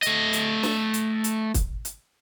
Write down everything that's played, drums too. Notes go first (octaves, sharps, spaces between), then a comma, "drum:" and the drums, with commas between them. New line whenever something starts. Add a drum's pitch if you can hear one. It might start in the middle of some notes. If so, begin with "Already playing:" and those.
A3 D#5, drum: hi-hat
drum: hi-hat
drum: snare
drum: hi-hat
drum: hi-hat
drum: kick, hi-hat
drum: hi-hat